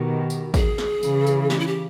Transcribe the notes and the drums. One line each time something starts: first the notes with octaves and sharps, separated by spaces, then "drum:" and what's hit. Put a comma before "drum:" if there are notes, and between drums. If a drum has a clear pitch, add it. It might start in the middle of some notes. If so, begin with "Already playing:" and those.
Already playing: B2 D#3 G4
drum: tambourine
G#4, drum: kick, tambourine
drum: snare
C#3 E3, drum: tambourine
drum: tambourine
G4, drum: snare
E4
G4